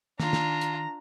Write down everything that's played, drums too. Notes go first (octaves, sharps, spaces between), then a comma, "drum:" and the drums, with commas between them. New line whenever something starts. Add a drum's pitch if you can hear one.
D#3 D4 F4 A#5, drum: snare
drum: snare
drum: hi-hat